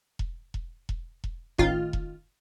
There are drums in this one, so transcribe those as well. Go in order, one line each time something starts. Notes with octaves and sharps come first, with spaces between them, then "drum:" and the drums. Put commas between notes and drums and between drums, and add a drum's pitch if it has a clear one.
drum: kick E1
drum: kick E1
drum: kick E1
drum: kick E1
A1 D#3 F4, drum: kick E1
drum: kick E1